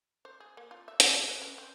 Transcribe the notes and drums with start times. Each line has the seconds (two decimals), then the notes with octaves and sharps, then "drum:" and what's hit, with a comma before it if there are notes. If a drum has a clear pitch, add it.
0.25 C5
0.40 G#4
0.57 A#3
0.71 F4
0.88 E5
1.00 F#5, drum: hi-hat
1.14 F#4
1.29 B4
1.42 C#4
1.58 C4